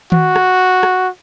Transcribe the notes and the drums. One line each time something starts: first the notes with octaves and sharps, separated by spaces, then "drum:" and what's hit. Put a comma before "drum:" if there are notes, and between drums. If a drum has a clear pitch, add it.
F#4, drum: tom D#3
drum: rim click
drum: rim click